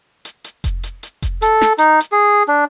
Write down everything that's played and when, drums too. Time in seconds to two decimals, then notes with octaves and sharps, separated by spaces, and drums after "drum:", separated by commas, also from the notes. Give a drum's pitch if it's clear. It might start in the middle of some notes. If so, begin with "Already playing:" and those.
0.25 drum: hi-hat
0.44 drum: hi-hat
0.64 drum: kick F1, hi-hat
0.83 drum: hi-hat
1.03 drum: hi-hat
1.22 drum: kick F1, hi-hat
1.42 A4, drum: hi-hat
1.61 drum: snare
1.78 D#4, drum: hi-hat
2.00 drum: hi-hat
2.12 G#4
2.48 D4